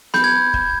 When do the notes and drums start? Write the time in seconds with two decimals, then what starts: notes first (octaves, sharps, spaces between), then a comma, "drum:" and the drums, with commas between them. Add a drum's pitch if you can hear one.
0.14 B5 G6, drum: snare B3
0.24 G#6
0.54 drum: kick